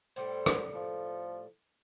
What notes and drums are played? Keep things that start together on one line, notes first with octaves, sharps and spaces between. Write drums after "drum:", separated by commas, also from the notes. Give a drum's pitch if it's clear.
A2 G3 A3 C5
drum: rim click
F3